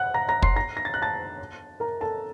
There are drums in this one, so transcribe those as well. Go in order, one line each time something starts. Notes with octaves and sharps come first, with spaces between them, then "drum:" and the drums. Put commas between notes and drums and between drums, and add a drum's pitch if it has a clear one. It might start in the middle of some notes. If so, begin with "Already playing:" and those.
Already playing: F#5 F#6
A#5 A#6
A#5 A#6
C6 C7, drum: kick
A#5 A#6
A#6
A6
F#6
A5 A6
A#4 A#5
A4 A5